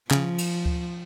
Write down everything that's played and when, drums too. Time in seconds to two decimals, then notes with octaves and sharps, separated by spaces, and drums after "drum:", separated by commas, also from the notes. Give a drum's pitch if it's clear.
0.11 C#3 F3, drum: clap
0.38 drum: cymbal
0.66 drum: kick D2